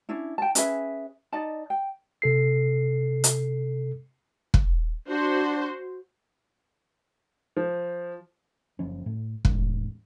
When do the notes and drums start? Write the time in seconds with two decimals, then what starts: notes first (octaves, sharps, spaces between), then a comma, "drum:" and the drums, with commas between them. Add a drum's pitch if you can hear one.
0.09 C#4 D4 E4
0.38 G5 A5
0.55 C#4 G#4 B4 E5, drum: hi-hat
1.32 D#4 D5 D#5 A5
1.70 G5
2.22 C3 A4 C7
3.24 drum: hi-hat
4.54 drum: kick
5.08 D4 F#4 C5
7.57 F3
8.79 F#1 F3 C#4
9.06 A2
9.45 A1 E2 A2 G#3, drum: kick